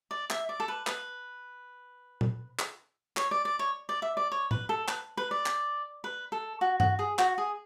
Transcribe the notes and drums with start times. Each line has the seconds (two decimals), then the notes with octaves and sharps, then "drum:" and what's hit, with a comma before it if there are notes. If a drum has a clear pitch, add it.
0.11 D5
0.30 E5, drum: clap
0.49 D5
0.60 A4
0.68 B4
0.87 B4, drum: clap
2.21 drum: tom A#2
2.59 drum: clap
3.17 C#5, drum: clap
3.31 D5
3.45 D5
3.59 C#5
3.89 D5
4.02 E5
4.17 D5
4.32 C#5
4.51 B4, drum: tom A2
4.69 A4
4.88 B4, drum: clap
5.17 B4
5.31 D5
5.46 drum: clap
6.04 B4
6.32 A4
6.61 F#4
6.80 F#4, drum: tom G2
6.99 G#4
7.19 F#4, drum: clap
7.38 G#4